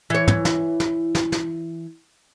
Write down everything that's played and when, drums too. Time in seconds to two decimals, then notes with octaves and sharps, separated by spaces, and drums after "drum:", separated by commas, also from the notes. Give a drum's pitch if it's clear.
0.10 E3 C#5
0.28 drum: tom
0.45 drum: snare
0.80 drum: snare
1.15 drum: snare
1.32 drum: snare